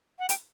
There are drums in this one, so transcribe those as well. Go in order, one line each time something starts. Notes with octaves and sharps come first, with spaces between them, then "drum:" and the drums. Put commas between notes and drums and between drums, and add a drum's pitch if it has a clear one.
F#5
G5, drum: hi-hat